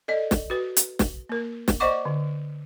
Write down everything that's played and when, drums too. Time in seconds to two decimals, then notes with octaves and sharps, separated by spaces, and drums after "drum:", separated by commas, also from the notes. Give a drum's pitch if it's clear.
0.08 A4 D5 D#5
0.31 drum: snare
0.50 F#4 B4
0.77 drum: hi-hat
0.99 drum: snare
1.29 A#3 A#4
1.68 drum: snare
1.80 C5 D5 D#5 F#5 C#6 D6
2.05 D3